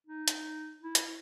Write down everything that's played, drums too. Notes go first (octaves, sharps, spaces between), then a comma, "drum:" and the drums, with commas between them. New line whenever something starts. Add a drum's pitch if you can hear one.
D#4
drum: hi-hat
E4
drum: hi-hat